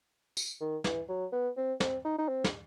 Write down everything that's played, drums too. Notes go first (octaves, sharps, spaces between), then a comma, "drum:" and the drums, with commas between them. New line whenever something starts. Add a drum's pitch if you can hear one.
drum: tambourine
D#3
E3, drum: snare
F#3
B3
C4
C4, drum: snare
D#4
D#4
C4
drum: snare